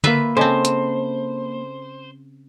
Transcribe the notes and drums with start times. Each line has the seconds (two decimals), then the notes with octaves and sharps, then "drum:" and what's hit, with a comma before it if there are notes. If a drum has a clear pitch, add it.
0.04 A#3 F4 B4 E5 B5, drum: tom D3
0.37 C#3 C4 A4 C5 D#5 A5
0.65 drum: hi-hat